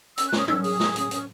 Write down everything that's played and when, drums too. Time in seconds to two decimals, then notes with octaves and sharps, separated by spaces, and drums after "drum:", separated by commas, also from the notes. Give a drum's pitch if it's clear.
0.18 C#4 E6, drum: hi-hat
0.28 F#6
0.32 C#4, drum: snare
0.38 D#6
0.48 C#4 E6, drum: tom F#3
0.64 G#4 D#6, drum: open hi-hat
0.80 G#4, drum: snare
0.96 C#4, drum: hi-hat
1.11 C#4, drum: hi-hat